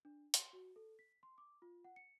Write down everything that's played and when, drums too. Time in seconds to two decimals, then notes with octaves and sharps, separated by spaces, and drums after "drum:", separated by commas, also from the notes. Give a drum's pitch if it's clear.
0.05 D4
0.34 C6, drum: hi-hat
0.53 F#4
0.76 A4
0.99 B6
1.23 C6
1.38 D6
1.62 F4
1.84 F#5
1.96 C#7